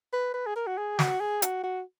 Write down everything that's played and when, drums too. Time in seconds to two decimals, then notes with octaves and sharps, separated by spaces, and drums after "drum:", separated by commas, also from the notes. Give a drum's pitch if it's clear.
0.13 B4
0.34 B4
0.46 G#4
0.56 A#4
0.67 F#4
0.78 G#4
0.99 F#4, drum: snare
1.20 G#4
1.42 F#4, drum: hi-hat
1.64 F#4